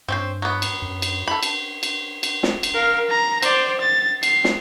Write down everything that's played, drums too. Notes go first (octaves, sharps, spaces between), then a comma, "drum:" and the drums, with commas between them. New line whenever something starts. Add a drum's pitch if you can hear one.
G2 C4 C#4 C5
F#3 B3
drum: cymbal
F#2
drum: cymbal
A4 B5
drum: cymbal
drum: cymbal
drum: cymbal
drum: snare
drum: cymbal
A#4 F5
A#5
C5 D5, drum: cymbal
A6
C7, drum: cymbal
drum: snare